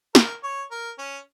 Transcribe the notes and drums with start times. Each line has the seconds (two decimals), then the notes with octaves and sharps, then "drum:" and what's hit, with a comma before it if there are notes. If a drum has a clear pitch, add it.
0.15 A#4, drum: snare
0.43 C#5
0.71 A#4
0.98 C#4